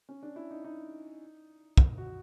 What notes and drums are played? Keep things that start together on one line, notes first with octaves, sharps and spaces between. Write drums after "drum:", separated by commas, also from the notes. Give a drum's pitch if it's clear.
C#4
D4
E4
D#4
D#4
drum: kick
F#4